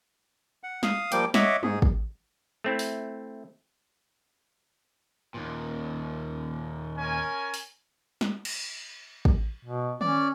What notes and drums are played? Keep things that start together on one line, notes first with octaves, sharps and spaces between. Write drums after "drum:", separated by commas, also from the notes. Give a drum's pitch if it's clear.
F#5
F5 D#6, drum: snare
F3 G3 A#3 G5 D6, drum: hi-hat
C#5 D#5 E5 F#5 D6, drum: snare
G#2 G#4, drum: tom G3
drum: kick
A3 C4 E4
drum: open hi-hat
D#2 A#2
C#4 A#4 G#5
drum: open hi-hat
drum: snare
drum: cymbal
drum: kick
B2
C#4 D5, drum: tom D#3